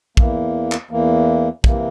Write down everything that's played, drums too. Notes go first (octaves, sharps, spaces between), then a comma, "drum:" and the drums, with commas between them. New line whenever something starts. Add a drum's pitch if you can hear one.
E2 E3 A#3, drum: kick
drum: clap
E2 E3 A#3
C3 E3 A#3, drum: kick